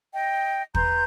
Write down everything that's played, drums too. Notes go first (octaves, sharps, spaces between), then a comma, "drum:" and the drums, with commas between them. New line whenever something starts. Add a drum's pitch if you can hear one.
D#5 G5
B4 A#5 C6 G6, drum: kick